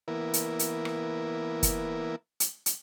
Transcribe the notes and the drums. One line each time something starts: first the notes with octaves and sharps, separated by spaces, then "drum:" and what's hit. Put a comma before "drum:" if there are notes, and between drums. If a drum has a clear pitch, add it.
E3 A#3 B3 E4 A#4
drum: hi-hat
drum: hi-hat
drum: rim click
drum: kick, hi-hat
drum: hi-hat
drum: hi-hat